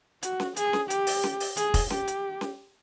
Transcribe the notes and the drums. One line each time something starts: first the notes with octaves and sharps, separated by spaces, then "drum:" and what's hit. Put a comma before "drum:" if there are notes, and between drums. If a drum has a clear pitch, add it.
F#4, drum: hi-hat
drum: snare C#4
G#4, drum: hi-hat
drum: snare C#4
G4, drum: hi-hat
drum: open hi-hat
drum: snare C#4
drum: open hi-hat
G#4, drum: hi-hat
drum: kick, open hi-hat
G4, drum: snare C#4
drum: hi-hat
drum: snare C#4